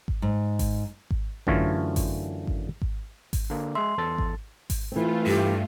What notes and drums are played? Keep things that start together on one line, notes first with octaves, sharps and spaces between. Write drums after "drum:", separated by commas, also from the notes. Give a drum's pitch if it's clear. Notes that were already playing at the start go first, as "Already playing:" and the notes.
drum: kick G#1
G#2
drum: kick G#1, open hi-hat
drum: kick G#1
F#2 D3 E3 A3 F4 C#5, drum: kick G#1
drum: kick G#1, open hi-hat
drum: kick G#1
drum: kick G#1
drum: kick G#1, open hi-hat
D3 A#3
G#3 E5 C6
E2 A4 A6
drum: kick G#1
drum: kick G#1, open hi-hat
E3 A3 C4 F4
G2 G4